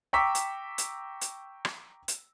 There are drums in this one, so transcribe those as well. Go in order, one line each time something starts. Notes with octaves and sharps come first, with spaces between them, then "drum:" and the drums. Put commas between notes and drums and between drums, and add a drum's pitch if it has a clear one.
G5 A#5 C#6 D6 E6 B6
drum: hi-hat
drum: hi-hat
drum: hi-hat
drum: rim click
drum: hi-hat